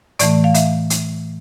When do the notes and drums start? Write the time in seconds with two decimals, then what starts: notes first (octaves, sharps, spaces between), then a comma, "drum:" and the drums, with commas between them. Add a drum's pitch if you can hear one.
0.19 A2 E3 A3 D5, drum: hi-hat
0.44 F5
0.54 E5, drum: hi-hat
0.90 drum: hi-hat